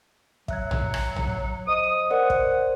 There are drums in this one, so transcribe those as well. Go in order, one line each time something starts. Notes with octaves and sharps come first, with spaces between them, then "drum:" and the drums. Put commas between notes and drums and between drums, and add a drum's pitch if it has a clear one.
F#3 E5 F#6 G#6, drum: kick
drum: tom A#1
drum: rim click
drum: tom A#1
C5 D#5 D#6
A#4 C5 D5 F#5
drum: kick